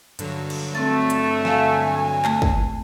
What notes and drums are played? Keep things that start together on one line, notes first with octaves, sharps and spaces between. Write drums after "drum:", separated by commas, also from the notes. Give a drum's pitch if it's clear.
G2 D3 F#3, drum: hi-hat
drum: cymbal
A3 C4 A6
drum: hi-hat
E5 F5 G#5, drum: snare
A3, drum: clap
drum: kick